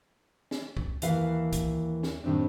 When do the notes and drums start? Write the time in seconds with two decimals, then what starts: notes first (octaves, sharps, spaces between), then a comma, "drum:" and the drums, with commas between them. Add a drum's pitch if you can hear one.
0.51 drum: snare
0.77 drum: kick
1.02 D#2 E3 B4 F5, drum: hi-hat
1.53 drum: kick, hi-hat
2.03 drum: snare
2.24 A2 D#3 G3 C4 D4